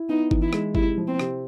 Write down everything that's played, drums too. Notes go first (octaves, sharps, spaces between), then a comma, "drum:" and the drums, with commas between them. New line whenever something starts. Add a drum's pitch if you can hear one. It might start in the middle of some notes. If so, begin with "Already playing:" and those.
Already playing: E4
B3 D#4
E3, drum: kick G1
E4
G#3, drum: rim click
C3 E4, drum: kick G1
F3
C4
C3, drum: rim click